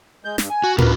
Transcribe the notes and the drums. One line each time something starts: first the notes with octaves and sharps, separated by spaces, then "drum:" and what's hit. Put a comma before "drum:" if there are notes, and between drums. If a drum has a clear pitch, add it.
G#3 G6
G2, drum: snare
G#5
F#4
C#4 F4 F#4 A#4 B4, drum: tom